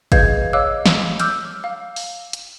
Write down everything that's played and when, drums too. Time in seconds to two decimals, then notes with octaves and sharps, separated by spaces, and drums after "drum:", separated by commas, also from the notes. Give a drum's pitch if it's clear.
0.12 G#4 B4 D#5 F5 G6 G#6, drum: kick, hi-hat
0.53 C#5 D#5 F5 D6 E6 F#6
0.86 drum: snare
1.20 D6 E6 F6 G6, drum: hi-hat
1.64 F5
1.96 drum: open hi-hat
2.33 drum: hi-hat